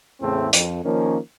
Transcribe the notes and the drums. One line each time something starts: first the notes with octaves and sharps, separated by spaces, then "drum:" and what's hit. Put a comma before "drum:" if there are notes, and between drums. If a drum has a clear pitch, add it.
E2 A2 C#3 A3 C4 E4
F2, drum: hi-hat
D#3 F3 A#3 C#4